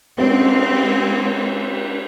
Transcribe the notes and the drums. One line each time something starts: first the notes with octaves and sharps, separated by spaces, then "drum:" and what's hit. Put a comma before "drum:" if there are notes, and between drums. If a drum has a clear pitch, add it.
G#3 C4, drum: cymbal